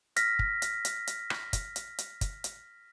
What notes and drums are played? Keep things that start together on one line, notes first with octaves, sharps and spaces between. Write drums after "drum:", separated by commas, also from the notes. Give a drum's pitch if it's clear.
F6 A#6 B6, drum: hi-hat
drum: kick
drum: hi-hat
drum: hi-hat
drum: hi-hat
drum: rim click
drum: kick, hi-hat
drum: hi-hat
drum: hi-hat
drum: kick, hi-hat
drum: hi-hat